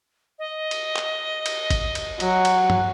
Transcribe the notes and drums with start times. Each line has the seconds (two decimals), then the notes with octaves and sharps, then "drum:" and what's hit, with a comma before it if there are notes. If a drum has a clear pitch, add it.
0.39 D#5
0.71 drum: cymbal
0.96 drum: clap
1.46 drum: cymbal
1.70 drum: kick, cymbal
1.95 drum: cymbal
2.20 F#3, drum: cymbal
2.45 drum: cymbal
2.70 drum: tom G2